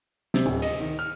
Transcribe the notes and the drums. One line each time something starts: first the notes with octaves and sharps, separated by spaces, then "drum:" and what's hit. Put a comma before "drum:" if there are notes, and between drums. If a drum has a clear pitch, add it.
C3, drum: snare
D1
D#5, drum: cymbal
D#3
F6